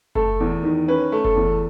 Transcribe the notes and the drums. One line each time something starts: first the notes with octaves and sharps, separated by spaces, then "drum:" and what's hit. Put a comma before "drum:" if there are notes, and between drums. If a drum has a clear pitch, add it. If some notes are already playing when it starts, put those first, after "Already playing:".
A3 A4, drum: kick F#1
E2
D#3
C#4 B4
A3
A4, drum: kick F#1
E2